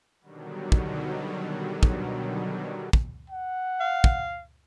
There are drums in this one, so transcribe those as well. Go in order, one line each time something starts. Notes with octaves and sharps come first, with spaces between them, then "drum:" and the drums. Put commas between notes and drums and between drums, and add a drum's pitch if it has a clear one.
B2 D3 D#3 F#3 G3
drum: kick
drum: kick
drum: kick
F#5
F5
drum: kick